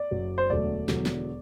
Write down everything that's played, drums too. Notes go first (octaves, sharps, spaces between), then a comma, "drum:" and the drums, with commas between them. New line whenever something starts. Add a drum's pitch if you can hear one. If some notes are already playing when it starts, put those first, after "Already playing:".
Already playing: D5
F#1 F#2 F#3
C5
E1 D2 D3 F#3 A3 D5
E1 E2 D3 F#3, drum: snare
drum: snare